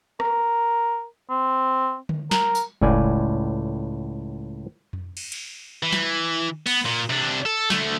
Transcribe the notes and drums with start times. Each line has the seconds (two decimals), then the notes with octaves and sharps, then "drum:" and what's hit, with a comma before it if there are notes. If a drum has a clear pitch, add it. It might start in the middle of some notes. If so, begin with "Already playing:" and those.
0.20 A#4, drum: rim click
1.30 C4
2.09 drum: tom D3
2.31 A#4, drum: snare
2.55 drum: tambourine
2.81 C#2 A2 D5 G#5, drum: kick F1
4.93 drum: tom F2
5.17 drum: cymbal
5.32 drum: cymbal
5.83 E3
5.92 drum: snare
6.66 B3, drum: cymbal
6.85 A#2
7.10 C3 D4
7.46 A4
7.70 D3 A3, drum: snare